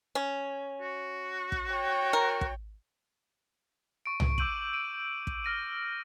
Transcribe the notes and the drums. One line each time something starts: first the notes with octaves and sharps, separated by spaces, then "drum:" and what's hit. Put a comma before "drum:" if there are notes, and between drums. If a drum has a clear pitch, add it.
C#4
F#4
drum: kick
C#5 G5
A#4
drum: kick
C#6 D7
drum: tom C2
C#6 D6 E6 G6 D#7 F#7, drum: kick
D7 D#7
drum: kick
F6 A#6 D#7